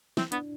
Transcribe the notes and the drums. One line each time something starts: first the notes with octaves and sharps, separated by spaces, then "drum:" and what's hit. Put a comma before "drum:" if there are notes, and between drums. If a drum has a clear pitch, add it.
C4 E4, drum: snare
B3 D4, drum: hi-hat